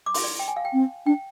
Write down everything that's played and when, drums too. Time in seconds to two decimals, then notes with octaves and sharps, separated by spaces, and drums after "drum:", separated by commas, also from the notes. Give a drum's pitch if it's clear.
0.06 D6
0.14 C6, drum: open hi-hat
0.24 D5
0.39 G5
0.48 G#5
0.56 F5
0.65 G5
0.73 C4
1.06 D4 G5